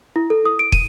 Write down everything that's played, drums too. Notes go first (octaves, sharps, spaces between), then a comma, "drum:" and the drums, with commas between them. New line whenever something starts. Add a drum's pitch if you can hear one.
E4
A4
D#6
D7
D#7, drum: kick